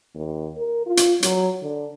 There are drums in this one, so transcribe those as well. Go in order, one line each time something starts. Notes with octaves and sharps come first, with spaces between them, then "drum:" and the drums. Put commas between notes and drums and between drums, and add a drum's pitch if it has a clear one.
D#2
A#4
F4
drum: hi-hat
F#3, drum: hi-hat
D3